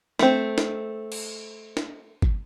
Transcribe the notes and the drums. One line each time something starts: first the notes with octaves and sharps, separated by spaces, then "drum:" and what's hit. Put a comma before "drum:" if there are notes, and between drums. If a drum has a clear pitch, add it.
A3 C4, drum: snare
drum: snare
drum: cymbal
drum: snare
drum: kick